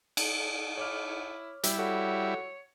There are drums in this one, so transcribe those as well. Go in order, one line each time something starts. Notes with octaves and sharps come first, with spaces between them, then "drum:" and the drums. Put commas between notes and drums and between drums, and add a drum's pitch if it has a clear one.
drum: cymbal
E4 C#5 D6 F6
G3 E4, drum: hi-hat
F#4 A4 C#5